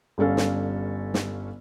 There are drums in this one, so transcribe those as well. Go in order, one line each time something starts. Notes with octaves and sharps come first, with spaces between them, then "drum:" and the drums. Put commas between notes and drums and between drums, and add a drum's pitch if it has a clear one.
G1 G3 C#4 A4 F5
drum: snare
drum: snare